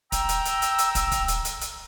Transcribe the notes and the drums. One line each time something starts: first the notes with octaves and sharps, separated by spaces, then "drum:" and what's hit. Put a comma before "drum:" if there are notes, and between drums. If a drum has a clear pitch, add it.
G5 A#5 E6, drum: kick, hi-hat
drum: hi-hat
drum: hi-hat
drum: hi-hat
drum: hi-hat
drum: kick, hi-hat
drum: kick, hi-hat
drum: hi-hat
drum: hi-hat
drum: hi-hat